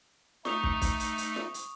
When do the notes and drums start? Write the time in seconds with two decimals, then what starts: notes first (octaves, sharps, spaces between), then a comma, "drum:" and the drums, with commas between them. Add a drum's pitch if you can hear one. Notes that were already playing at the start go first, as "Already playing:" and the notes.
0.45 A3 D#4 C#6 D#6 F7, drum: snare
0.63 drum: kick
0.81 drum: kick, hi-hat
1.00 drum: hi-hat
1.18 drum: hi-hat
1.36 drum: snare
1.54 drum: hi-hat